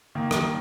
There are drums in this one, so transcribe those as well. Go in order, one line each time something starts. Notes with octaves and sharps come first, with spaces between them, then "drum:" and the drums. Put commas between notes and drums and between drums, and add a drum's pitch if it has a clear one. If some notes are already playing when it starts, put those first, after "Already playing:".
D#3 A#3
drum: rim click